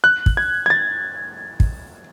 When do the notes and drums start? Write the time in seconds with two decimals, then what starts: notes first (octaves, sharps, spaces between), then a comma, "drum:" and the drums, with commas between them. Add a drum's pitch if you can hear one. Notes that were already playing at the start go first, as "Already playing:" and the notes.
0.04 F#6
0.26 drum: kick
0.37 G#6
0.66 G#6
0.70 A6
1.60 drum: kick